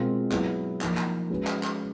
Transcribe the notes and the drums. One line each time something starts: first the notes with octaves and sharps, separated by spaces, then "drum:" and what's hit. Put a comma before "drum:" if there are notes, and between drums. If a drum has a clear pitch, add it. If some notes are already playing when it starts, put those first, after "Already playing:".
Already playing: B2 G#3 C4 F4 A#4
F#3 B3 E4 G#4 B4, drum: clap
F3 A#3 D#4, drum: clap
drum: clap
G#3 C#4 F#4 B4
drum: clap
drum: clap